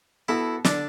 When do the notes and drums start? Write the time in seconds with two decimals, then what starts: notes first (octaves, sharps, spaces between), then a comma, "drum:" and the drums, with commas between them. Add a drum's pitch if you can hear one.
0.28 B3 E4 F#4 A4
0.65 D3 D4, drum: snare